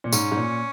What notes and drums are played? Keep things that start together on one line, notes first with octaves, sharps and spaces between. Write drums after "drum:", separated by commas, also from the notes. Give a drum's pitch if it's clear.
A#2
G#2 C#4, drum: tambourine
G#2
A#2